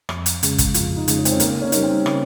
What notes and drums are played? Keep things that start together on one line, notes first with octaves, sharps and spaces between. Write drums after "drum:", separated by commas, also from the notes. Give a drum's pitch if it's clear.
F2, drum: rim click
drum: hi-hat
C#3 G#3, drum: hi-hat
drum: kick, hi-hat
F2 F4, drum: hi-hat
D#4
C#3 G#3, drum: hi-hat
C#4
C4, drum: hi-hat
C#4
C#3 A#3, drum: hi-hat
C#4
G3 A#3 D#4, drum: hi-hat
C4
C#3, drum: rim click